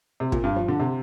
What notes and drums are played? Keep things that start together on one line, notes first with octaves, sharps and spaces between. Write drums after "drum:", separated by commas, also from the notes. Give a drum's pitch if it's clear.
C3
A#2, drum: kick
G2
F3
D3
C3